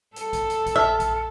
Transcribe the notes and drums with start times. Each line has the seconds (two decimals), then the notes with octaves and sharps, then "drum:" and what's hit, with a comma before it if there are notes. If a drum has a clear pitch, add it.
0.16 A4, drum: hi-hat
0.33 drum: kick A#1, hi-hat
0.50 drum: hi-hat
0.66 drum: kick A#1, hi-hat
0.76 A#1 E5 A5 F6
1.00 drum: kick A#1, hi-hat